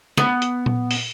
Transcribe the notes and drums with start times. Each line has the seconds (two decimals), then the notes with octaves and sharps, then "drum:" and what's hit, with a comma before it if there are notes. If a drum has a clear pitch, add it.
0.17 B3, drum: snare
0.42 drum: hi-hat
0.66 drum: tom A#2
0.91 drum: open hi-hat